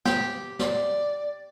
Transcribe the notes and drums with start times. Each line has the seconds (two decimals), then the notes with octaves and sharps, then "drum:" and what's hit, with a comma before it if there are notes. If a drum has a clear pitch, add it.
0.05 G4, drum: snare
0.59 D5, drum: snare